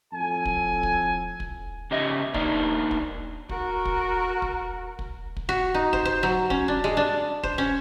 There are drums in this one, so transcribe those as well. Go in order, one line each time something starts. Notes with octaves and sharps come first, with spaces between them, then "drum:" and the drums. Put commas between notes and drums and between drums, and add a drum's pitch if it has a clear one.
F2 A2 A4 G#5
drum: kick
drum: kick
drum: kick
C#3 G4 D#5 E5
A#3 D4 D#4, drum: kick
drum: kick
F#4 A#4, drum: kick
drum: kick
drum: kick
drum: kick
drum: kick
F#4
D#4
C5, drum: kick
C5
F#3
C#4, drum: kick
D4
G#3
D4
C5, drum: kick
C#4